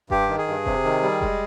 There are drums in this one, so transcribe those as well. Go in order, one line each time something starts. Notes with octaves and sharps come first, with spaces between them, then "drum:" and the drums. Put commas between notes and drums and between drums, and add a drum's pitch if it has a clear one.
G2 G4, drum: kick F1
D#3
G#4
G2
C3, drum: kick F1
D#3
G3
G#3, drum: kick F1